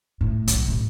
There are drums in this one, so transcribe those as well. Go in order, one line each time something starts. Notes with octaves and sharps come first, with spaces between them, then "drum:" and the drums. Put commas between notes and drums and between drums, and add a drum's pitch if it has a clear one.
A2
B1, drum: hi-hat
A1